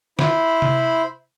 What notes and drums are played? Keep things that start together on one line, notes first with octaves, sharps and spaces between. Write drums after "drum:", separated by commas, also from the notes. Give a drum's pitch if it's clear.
E4 C5 B5, drum: snare
drum: tom C3